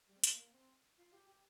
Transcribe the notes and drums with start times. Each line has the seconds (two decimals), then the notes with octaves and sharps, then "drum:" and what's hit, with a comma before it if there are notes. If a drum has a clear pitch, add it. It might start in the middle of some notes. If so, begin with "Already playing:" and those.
0.08 G3
0.17 C4
0.24 A#3, drum: hi-hat
0.37 A#3
0.53 C4
0.98 F4
1.13 G4
1.28 G4